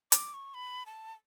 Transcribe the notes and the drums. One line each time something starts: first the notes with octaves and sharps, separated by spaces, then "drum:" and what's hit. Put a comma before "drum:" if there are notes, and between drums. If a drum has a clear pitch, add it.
D6, drum: hi-hat
C#6
B5
A5